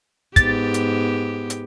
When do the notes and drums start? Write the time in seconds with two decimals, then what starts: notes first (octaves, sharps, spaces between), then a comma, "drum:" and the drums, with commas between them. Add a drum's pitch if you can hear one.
0.36 G#2 B3 G4 A6, drum: kick, hi-hat
0.74 drum: hi-hat
1.50 drum: hi-hat